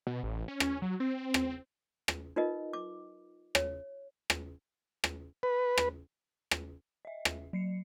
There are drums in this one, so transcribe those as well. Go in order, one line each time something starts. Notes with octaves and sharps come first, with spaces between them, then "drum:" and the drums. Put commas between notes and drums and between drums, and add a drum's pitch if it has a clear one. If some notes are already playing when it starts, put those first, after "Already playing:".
B2
A1
C#4
drum: rim click
F#3
C4
drum: rim click
drum: rim click
D#4 F4 A#4 B4 D#5
D6
C#5, drum: rim click
drum: rim click
drum: rim click
B4
drum: rim click
drum: rim click
D#5 E5
drum: rim click
F#3 C7 C#7